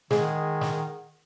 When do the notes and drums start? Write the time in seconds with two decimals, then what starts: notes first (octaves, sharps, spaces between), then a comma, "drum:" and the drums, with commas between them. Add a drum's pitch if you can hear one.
0.11 D#3 G#3 G#4 F#5, drum: snare
0.61 drum: snare